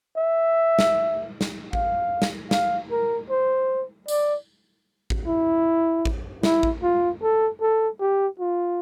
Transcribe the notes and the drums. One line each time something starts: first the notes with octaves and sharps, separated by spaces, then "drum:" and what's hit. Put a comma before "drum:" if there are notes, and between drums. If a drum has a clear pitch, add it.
E5
drum: snare
drum: snare
F5, drum: kick A1
drum: snare
F5, drum: snare
A#4
C5
D5, drum: tambourine
drum: kick A1
E4
drum: kick A1
E4, drum: snare
drum: kick A1
F4
A4
A4
G4
F4